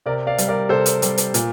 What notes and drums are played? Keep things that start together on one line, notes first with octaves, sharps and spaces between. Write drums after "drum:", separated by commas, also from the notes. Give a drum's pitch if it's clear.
C3 A#4 D5
D5 F5
G3, drum: hi-hat
A#4 D5
C3 A4 C5
drum: hi-hat
G3, drum: hi-hat
drum: hi-hat
A#2, drum: hi-hat